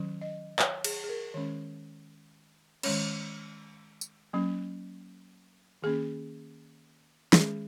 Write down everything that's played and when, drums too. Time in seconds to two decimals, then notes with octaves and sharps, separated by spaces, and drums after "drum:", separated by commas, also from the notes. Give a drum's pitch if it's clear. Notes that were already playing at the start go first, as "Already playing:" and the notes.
Already playing: D#3 F#3 C#4
0.21 D#5
0.59 C#5, drum: clap
0.84 G#4, drum: cymbal
1.04 G#4
1.09 A#4
1.34 D#3 G#3 C#4 C#5
2.83 D#3 G#3 C#4 C#5, drum: cymbal
4.01 drum: tambourine
4.33 F#3 A#3 C#4
5.82 D#3 A#3 C#4 G#4
7.33 D#3 G#3 C#4 G#4, drum: snare